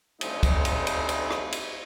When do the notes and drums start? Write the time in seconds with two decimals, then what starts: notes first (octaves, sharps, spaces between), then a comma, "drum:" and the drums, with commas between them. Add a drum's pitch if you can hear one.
0.21 D2 C#3 G3 A3 C4 D#4, drum: cymbal
0.43 drum: kick, cymbal
0.65 drum: cymbal
0.87 drum: cymbal
1.09 drum: cymbal
1.31 drum: rim click
1.52 drum: cymbal